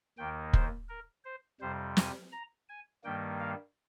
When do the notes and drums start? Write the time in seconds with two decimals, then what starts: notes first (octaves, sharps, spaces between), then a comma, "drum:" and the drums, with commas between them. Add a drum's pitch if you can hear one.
0.18 D#2 D#3 A#3 G5
0.53 C5, drum: kick
0.89 A#4
1.25 C5
1.61 F2 C3 G3 C5
1.97 G#5, drum: snare
2.32 A#5
2.69 G#5
3.04 G2 D#3 G3 A#3 G5
3.40 F5